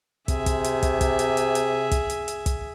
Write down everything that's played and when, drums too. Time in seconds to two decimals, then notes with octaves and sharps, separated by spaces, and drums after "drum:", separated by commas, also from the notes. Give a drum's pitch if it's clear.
0.28 C3 G#4 E5, drum: kick, hi-hat
0.46 drum: kick, hi-hat
0.64 drum: hi-hat
0.83 drum: kick, hi-hat
1.01 drum: kick, hi-hat
1.19 drum: hi-hat
1.37 drum: hi-hat
1.55 drum: hi-hat
1.91 drum: kick, hi-hat
2.10 drum: hi-hat
2.28 drum: hi-hat
2.46 drum: kick, hi-hat